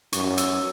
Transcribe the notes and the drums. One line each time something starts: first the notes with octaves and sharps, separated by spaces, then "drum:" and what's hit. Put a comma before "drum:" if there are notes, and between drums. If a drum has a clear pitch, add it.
F#2 C#6, drum: hi-hat
E6, drum: hi-hat